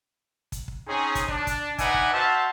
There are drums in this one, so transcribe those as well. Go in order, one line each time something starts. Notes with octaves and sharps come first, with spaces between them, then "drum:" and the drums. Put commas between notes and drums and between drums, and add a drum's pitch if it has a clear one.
drum: kick, hi-hat
drum: kick
C4 C#4 D#4 G#4
drum: kick, hi-hat
D4, drum: kick
drum: kick, hi-hat
D#4 B4 D5 E5 F#5 G#5, drum: kick, hi-hat
drum: kick
F#4 C5 E5 F5 A5